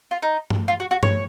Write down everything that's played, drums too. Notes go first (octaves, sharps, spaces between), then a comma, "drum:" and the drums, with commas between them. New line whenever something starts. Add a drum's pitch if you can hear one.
F4
D#4
drum: tom G2
F4
F#4
F#4
C#5, drum: tom G2